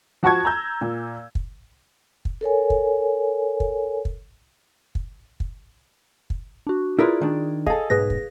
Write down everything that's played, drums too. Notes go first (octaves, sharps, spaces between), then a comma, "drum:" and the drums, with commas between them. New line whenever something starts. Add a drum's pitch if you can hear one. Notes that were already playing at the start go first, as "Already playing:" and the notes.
F3 F#4 A5 C#6 G#6
A#5 E6 G6
A#2
drum: kick
drum: kick
A4 A#4 C#5 G#5
drum: kick
drum: kick
drum: kick
drum: kick
drum: kick
drum: kick
D4 F#4
E4 F4 G#4 A#4 B4 D5
D#3 D4
G#4 A4 D#5 F5, drum: kick
B1 G#2 G#4 B4 A#6
drum: kick